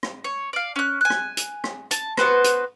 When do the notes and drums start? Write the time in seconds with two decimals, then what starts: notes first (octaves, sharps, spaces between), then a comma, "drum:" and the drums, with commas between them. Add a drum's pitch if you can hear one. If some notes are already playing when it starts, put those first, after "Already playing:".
0.03 drum: rim click
0.24 C#5
0.53 D5 F5
0.76 C#4 F#6
1.01 G#5 F#6
1.10 drum: rim click
1.37 drum: hi-hat
1.64 drum: rim click
1.91 A5, drum: hi-hat
2.17 B3 F#4 B4 C5, drum: rim click
2.44 drum: hi-hat